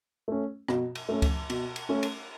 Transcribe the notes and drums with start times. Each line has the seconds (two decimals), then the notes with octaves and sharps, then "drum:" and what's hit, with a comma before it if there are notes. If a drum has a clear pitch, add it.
0.28 A3 C#4
0.68 B2, drum: rim click
0.95 drum: cymbal
1.09 A3 C#4
1.22 drum: kick C#2, cymbal
1.50 B2, drum: cymbal
1.76 drum: cymbal
1.89 A3 C#4
2.03 drum: cymbal